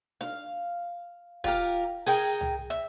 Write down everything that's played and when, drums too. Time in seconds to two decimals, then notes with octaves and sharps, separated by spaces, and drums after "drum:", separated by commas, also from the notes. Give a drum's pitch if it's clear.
0.21 F5, drum: snare D4
1.44 F4 G4 A#4, drum: kick
2.06 G#4 A#4 G5, drum: open hi-hat
2.41 drum: tom C2
2.70 E5